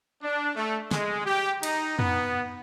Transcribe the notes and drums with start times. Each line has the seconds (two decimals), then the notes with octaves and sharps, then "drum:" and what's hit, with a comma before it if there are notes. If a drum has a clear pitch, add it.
0.22 D4
0.56 A3
0.91 G#3, drum: snare
1.26 G4
1.63 D#4, drum: cymbal
1.99 B3, drum: tom F2